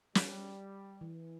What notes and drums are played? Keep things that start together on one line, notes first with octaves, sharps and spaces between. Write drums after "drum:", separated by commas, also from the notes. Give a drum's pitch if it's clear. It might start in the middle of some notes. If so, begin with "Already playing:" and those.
G3, drum: snare
E3